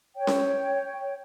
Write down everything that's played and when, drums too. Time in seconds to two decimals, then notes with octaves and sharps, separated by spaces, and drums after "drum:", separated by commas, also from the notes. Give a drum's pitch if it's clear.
0.16 C#5 G5
0.27 drum: snare C#4